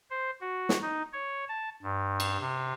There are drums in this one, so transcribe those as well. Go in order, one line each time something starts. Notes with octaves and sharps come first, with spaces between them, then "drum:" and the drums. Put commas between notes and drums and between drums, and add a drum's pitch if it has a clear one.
C5
F#4
drum: snare
D#4
C#5
A5
G2
drum: cymbal
C3